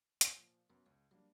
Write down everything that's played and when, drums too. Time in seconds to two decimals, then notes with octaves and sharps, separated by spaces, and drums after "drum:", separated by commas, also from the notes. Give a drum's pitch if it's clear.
0.21 A4, drum: hi-hat
0.36 A#2 F3 C#5
0.70 F#2 F#3 B3
0.86 C#2 C#5
1.11 F#3 G3 A#3 D4